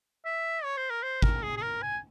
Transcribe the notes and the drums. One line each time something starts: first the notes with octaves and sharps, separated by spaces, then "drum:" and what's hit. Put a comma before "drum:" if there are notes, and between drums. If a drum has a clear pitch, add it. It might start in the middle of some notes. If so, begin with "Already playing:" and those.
E5
C#5
C5
A#4
C5
A#4, drum: kick G#1
G#4
G#4
A#4
G#5